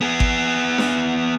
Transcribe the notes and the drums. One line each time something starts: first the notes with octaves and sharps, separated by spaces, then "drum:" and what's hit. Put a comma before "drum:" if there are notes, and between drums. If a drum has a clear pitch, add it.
B3 G#4
drum: kick G#1
drum: snare D4